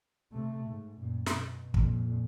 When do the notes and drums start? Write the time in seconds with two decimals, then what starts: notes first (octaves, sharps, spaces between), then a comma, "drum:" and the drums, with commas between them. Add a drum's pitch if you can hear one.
0.32 C3 A3
0.66 G#2
0.97 F#2 A#2
1.26 B2, drum: snare
1.74 F2 A#2, drum: kick